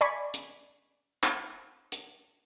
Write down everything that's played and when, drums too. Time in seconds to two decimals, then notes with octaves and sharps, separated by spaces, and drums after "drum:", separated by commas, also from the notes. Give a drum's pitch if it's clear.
0.01 D5 G#5 B5 C#6 B6
0.34 drum: hi-hat
1.23 drum: clap
1.92 drum: hi-hat